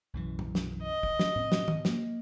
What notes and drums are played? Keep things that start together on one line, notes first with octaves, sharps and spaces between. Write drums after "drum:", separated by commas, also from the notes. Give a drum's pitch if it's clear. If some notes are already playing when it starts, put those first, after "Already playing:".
B1 F#2 E3
drum: tom A#2
drum: snare
D#5
drum: kick
drum: snare
A2 C4
drum: snare
drum: tom D#3
A#3, drum: snare